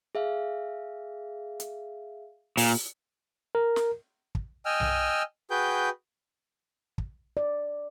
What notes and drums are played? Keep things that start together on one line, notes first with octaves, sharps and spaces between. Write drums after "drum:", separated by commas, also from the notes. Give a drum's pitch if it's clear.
G#4 E5 F5
drum: hi-hat
A#2, drum: open hi-hat
A#4
drum: snare
drum: kick
D#5 G5 G#5 E6 F6
drum: tom B1
F#4 G#4 B4 G5 G6
drum: kick
D5